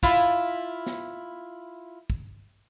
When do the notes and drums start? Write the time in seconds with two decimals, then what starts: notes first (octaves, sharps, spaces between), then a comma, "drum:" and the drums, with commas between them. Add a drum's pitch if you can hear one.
0.03 E4 F4, drum: kick
0.87 drum: snare
2.10 drum: kick